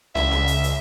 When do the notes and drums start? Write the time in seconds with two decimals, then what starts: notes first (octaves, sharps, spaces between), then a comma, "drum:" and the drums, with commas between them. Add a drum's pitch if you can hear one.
0.15 C#2 E5, drum: snare
0.31 drum: snare
0.47 drum: hi-hat
0.63 drum: hi-hat